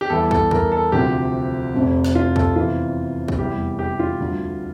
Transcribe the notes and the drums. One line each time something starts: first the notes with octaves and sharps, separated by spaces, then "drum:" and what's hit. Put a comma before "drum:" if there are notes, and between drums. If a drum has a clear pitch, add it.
G4
E2 E3 G3 A4
A4, drum: kick
A#4, drum: kick
A4
D2 C3 F3 G4
F1 F2 C3
drum: snare
F4
A4, drum: kick
E2 C3 E3 F4
drum: kick
F1 E2 E3 G3 G4
G4
F4
D2 D3 G3